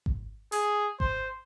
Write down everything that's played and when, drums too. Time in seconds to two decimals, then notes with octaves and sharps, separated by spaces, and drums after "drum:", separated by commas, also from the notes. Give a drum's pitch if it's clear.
0.06 drum: kick G#1
0.52 G#4, drum: open hi-hat
1.00 C5, drum: kick G#1